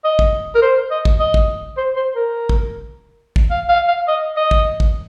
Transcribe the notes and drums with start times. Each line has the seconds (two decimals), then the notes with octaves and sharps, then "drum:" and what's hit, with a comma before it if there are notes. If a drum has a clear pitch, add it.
0.05 D#5
0.19 drum: kick
0.55 A#4
0.62 C5
0.91 D#5
1.05 drum: kick
1.20 D#5
1.34 drum: kick
1.77 C5
1.96 C5
2.16 A#4
2.49 drum: kick
3.36 drum: kick
3.51 F5
3.69 F5
3.88 F5
4.08 D#5
4.37 D#5
4.51 drum: kick
4.80 drum: kick